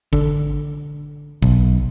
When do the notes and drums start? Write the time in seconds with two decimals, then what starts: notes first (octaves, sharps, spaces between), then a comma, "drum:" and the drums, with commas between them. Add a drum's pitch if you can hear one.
0.13 D3, drum: kick G#1
1.42 B1, drum: kick G#1